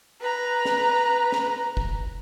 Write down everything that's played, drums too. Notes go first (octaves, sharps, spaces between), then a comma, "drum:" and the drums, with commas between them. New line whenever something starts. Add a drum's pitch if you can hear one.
B4 A#5
drum: snare
drum: snare
drum: kick